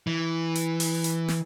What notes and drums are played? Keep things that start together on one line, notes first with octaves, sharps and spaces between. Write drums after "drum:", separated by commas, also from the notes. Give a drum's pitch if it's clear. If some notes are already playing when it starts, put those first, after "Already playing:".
E3
drum: hi-hat
drum: open hi-hat
drum: hi-hat
drum: snare